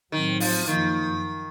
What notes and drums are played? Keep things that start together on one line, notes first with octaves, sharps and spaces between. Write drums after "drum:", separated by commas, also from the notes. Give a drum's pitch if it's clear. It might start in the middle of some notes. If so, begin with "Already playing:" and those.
A2 D#3 F#3 C4
F3, drum: open hi-hat
F#2 D#3 F3 A#3